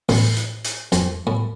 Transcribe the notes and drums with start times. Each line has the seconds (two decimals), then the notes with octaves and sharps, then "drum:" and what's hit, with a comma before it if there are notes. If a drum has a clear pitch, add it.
0.09 A1 A2, drum: open hi-hat
0.36 drum: hi-hat
0.64 drum: hi-hat
0.92 F2, drum: hi-hat
1.27 A2